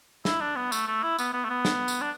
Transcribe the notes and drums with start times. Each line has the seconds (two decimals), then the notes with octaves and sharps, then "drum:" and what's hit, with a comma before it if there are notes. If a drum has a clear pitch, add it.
0.25 E4, drum: snare
0.41 D4
0.56 B3
0.72 A3, drum: tambourine
0.87 A3
1.03 E4
1.19 B3, drum: tambourine
1.33 B3
1.45 A3
1.50 B3
1.65 drum: snare
1.88 drum: tambourine
2.01 D4